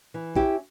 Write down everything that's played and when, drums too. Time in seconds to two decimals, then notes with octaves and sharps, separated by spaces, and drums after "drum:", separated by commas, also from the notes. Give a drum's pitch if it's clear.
0.14 E3
0.36 C#4 E4 G4, drum: kick A#1